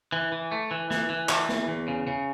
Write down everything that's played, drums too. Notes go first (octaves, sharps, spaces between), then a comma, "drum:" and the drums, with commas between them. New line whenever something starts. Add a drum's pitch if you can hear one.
E3
E3
A3
E3
E3, drum: snare
E3
E3, drum: clap
E2, drum: snare
E2
C#3
C#3